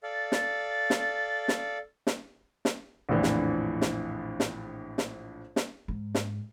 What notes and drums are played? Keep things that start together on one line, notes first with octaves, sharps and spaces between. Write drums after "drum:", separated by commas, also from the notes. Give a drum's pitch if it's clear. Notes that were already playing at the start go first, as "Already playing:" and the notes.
A4 D5 F5
drum: snare
drum: snare
drum: snare
drum: snare
drum: snare
A#1 F2 A2 D3 E3
drum: snare
drum: snare
drum: snare
drum: snare
drum: snare
G#2
drum: snare